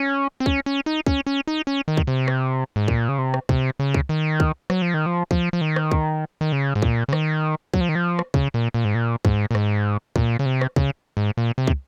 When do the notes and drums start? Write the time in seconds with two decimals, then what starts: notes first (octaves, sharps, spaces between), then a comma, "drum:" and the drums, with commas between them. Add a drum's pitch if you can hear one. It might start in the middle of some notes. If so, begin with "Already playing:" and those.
Already playing: C#4
0.40 C4
0.46 C#4, drum: kick
0.66 C#4
0.86 D#4
1.06 C#4, drum: kick
1.26 C#4
1.47 D#4
1.67 C#4
1.88 D#3
1.97 drum: kick
2.07 C3
2.28 drum: rim click
2.76 G#2
2.88 A#2, drum: kick
3.09 C#3
3.18 C3
3.34 drum: rim click
3.49 C3, drum: kick
3.79 C#3
3.94 drum: kick
4.09 D#3
4.40 drum: kick
4.70 F#3, drum: rim click
4.82 F3
4.94 D#3
5.06 F3
5.31 F3, drum: kick
5.53 F3
5.61 D#3
5.76 drum: rim click
5.91 drum: kick
6.41 D#3
6.52 C#3
6.75 G#2
6.82 A#2, drum: kick
7.08 C#3
7.13 D#3, drum: rim click
7.74 F#3, drum: kick
7.81 F3
7.89 D#3
7.95 F3
8.19 drum: rim click
8.34 C#3, drum: kick
8.54 A#2
8.74 A#2
8.85 G#2
8.95 A#2
9.25 G#2, drum: kick
9.51 A#2
9.55 G#2, drum: rim click
10.16 A#2, drum: kick
10.39 C#3
10.46 C3
10.61 drum: rim click
10.76 C#3, drum: kick
11.17 G#2
11.37 A#2
11.58 C3
11.67 drum: kick